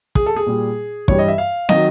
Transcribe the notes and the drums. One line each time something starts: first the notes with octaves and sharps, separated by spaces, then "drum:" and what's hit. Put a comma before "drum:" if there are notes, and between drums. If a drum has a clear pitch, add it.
G#4, drum: kick
A4
G#4
A#2 G3
G2 E3 G3 C#5, drum: kick
D#5
E5
F5
D#3 F#3 D#5, drum: snare